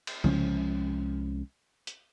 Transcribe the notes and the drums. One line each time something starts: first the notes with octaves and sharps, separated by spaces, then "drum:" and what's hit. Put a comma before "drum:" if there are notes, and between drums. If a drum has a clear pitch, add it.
drum: cymbal
C2 F3 G#3 C#4, drum: tom C#3
drum: hi-hat